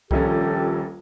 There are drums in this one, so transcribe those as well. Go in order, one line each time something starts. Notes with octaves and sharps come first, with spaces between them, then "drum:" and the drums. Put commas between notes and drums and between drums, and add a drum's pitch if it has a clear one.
D#1 A#1 C#4 G4 A4, drum: kick C2